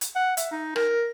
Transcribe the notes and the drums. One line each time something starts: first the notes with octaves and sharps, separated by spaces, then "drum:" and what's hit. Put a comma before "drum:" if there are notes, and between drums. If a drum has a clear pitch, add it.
drum: hi-hat
F#5
E5, drum: hi-hat
D#4
A#4, drum: rim click